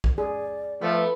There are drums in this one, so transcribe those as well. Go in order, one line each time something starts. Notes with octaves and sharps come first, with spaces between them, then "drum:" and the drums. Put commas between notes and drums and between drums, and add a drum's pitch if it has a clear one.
drum: kick B1
G#4 D5
F3 A3 B3